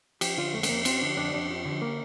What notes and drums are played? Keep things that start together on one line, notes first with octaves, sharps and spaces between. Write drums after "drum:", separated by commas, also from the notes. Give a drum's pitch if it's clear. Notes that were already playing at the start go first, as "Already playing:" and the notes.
F3 G4, drum: cymbal
D3 F4
F2 A3
A3, drum: cymbal
F2 A#3
F3 C4, drum: cymbal
D3 D4
F2 D4
F2 D4
F3
D3
A#3